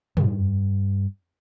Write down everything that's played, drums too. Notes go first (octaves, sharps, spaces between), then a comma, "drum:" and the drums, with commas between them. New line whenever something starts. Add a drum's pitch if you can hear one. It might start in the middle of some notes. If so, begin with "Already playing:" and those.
G2, drum: tom